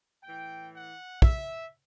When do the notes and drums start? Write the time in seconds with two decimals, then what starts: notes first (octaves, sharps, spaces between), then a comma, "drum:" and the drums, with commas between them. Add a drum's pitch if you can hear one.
0.24 A2 E3 G5
0.74 F#5
1.22 E5, drum: kick